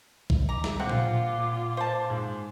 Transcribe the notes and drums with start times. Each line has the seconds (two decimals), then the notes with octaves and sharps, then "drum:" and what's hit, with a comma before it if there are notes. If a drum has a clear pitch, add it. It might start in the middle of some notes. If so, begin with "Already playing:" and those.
0.30 drum: kick B1
0.49 A#5 D6
0.64 drum: snare
0.80 A#2 C4 F4 F#5
0.89 drum: tom A#2
1.77 C5 A5
2.10 G#2